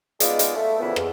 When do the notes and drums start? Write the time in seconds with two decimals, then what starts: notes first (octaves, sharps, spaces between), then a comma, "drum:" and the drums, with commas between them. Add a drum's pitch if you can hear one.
0.20 G#3 B3 D#4 F4 G#4 D5, drum: hi-hat
0.39 drum: hi-hat
0.56 A3
0.80 A#2 C#3 E3 F3 B3 E4
0.96 E2, drum: rim click